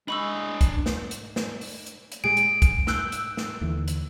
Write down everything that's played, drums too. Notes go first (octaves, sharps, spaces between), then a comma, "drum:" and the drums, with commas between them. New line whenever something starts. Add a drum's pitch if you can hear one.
G#3 D4 D#5 B5 C#6 E6
drum: kick, hi-hat
drum: snare
drum: hi-hat
drum: snare
drum: open hi-hat
drum: hi-hat
drum: hi-hat
A#2 G#3 G#4 D7
drum: hi-hat
drum: kick, hi-hat
E6 F#6 G6, drum: snare
drum: hi-hat
drum: snare
D#2 D3 E3
drum: hi-hat